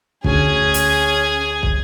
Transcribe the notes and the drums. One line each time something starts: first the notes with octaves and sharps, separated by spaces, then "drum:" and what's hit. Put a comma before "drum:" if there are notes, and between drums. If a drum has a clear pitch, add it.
D2 C#4 G#4 G#5, drum: kick
drum: hi-hat
drum: kick